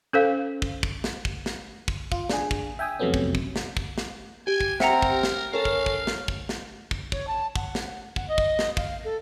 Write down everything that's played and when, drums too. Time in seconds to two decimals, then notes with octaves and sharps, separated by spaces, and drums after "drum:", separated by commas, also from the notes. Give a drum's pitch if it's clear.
0.13 C#4 A4 C5 F5
0.62 drum: kick
0.83 drum: kick
1.04 drum: snare
1.25 drum: kick
1.46 drum: snare
1.88 drum: kick
2.12 F4, drum: kick
2.30 D4 G#4, drum: snare
2.51 drum: kick
2.79 E5 G5 G#5 D#6 E6
2.99 F2 C3 F#3 A3 B3 C#4
3.14 drum: kick
3.35 drum: kick
3.56 drum: snare
3.77 drum: kick
3.98 drum: snare
4.47 G4 G#5
4.60 drum: kick
4.80 C4 A#4 E5 F#5 A#5, drum: snare
5.02 drum: kick
5.23 drum: snare
5.53 C#4 A4 A#4 F5
5.65 drum: kick
5.86 drum: kick
6.07 drum: snare
6.28 drum: kick
6.49 drum: snare
6.91 drum: kick
7.12 C#5, drum: kick
7.27 A5
7.56 F#5, drum: kick
7.75 drum: snare
8.16 F#5, drum: kick
8.28 D#5
8.38 drum: kick
8.59 drum: snare
8.77 F5, drum: kick
9.04 A4